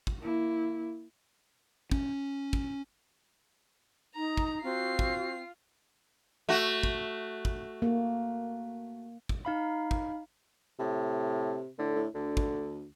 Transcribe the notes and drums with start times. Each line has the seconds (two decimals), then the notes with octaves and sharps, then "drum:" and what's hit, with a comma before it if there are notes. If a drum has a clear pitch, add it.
0.07 drum: kick
0.21 A#3 E4
1.91 C#4, drum: kick
2.53 drum: kick
4.15 D#4 A#5
4.37 drum: kick
4.63 C4 F4 F#4 C7
4.99 drum: kick
6.49 A3 F#4
6.83 drum: kick
7.45 drum: kick
7.82 A#3
9.29 drum: kick
9.45 D#4 F5 B5
9.91 drum: kick
10.79 A2 C3
11.79 A2 D3
11.96 A2
12.15 D2 D3
12.37 drum: kick